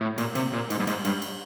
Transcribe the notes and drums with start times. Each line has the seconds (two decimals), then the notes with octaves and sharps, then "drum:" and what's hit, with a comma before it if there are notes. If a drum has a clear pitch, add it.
0.01 A2
0.18 A#2, drum: cymbal
0.35 C3, drum: cymbal
0.53 A#2
0.70 G#2, drum: cymbal
0.80 G2
0.87 G#2, drum: cymbal
1.05 G2, drum: cymbal
1.22 drum: cymbal